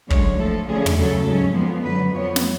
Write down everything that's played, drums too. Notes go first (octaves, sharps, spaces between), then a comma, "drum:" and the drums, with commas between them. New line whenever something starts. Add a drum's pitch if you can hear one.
F#2 D3 G#3 C#5, drum: kick
A2 F3 A3 A4
D2 D3 F3 A3 C#4 G#4
drum: tom
F#2 C#3 F#3 C#4 A4
G#2 F#3 C#4
F2 F3 G#3 B3
F#2 D3 F#3 B4
F2 F3 B3 C#5
drum: snare